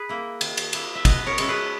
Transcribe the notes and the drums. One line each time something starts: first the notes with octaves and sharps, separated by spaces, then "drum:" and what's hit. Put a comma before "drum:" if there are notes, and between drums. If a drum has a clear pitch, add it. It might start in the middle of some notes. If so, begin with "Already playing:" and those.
Already playing: G#4 B4
A#3 E4
D#3, drum: cymbal
drum: cymbal
A#3 E4, drum: cymbal
E5
B2 B4 D#5, drum: kick, cymbal
A#4 C#5
G#3 C#4 E4, drum: cymbal
G#4 B4